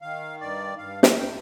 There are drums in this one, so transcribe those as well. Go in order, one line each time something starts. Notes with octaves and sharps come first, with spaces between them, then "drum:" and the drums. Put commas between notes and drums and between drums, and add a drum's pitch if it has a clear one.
D#3 F5
G2 D5
G2 F5
drum: snare
G2 G5